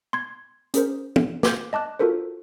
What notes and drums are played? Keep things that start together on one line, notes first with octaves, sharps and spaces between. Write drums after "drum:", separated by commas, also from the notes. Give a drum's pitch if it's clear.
C6 G#6
C#4 G#4 A#4 C5, drum: hi-hat
drum: tom
D6 G6, drum: snare
D#5 A5 D6 F#6
F4 F#4 A4 A#4 C5